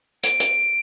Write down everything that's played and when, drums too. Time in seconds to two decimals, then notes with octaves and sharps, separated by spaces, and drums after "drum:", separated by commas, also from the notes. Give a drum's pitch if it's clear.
0.23 D7, drum: hi-hat
0.40 drum: hi-hat